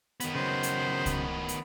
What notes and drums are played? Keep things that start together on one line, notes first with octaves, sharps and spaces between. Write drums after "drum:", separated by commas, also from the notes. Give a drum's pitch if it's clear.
D#3 B3, drum: hi-hat
C#3 F#3 C5
drum: hi-hat
drum: kick C2, hi-hat
drum: hi-hat